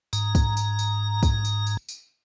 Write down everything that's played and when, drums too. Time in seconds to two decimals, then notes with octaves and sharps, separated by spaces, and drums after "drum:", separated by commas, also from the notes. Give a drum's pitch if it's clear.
0.13 G#2 A#5, drum: tambourine
0.35 drum: kick, tambourine
0.57 drum: tambourine
0.79 drum: tambourine
1.23 drum: kick, tambourine
1.45 drum: tambourine
1.67 drum: tambourine
1.89 drum: tambourine